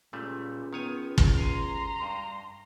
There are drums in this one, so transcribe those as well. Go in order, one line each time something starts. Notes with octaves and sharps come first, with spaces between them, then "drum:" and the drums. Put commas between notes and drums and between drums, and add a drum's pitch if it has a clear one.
C#2 A#2 G3 A3
D#3 B3 C#5 G#5
drum: kick
F5 G#5 A#5 C6
G2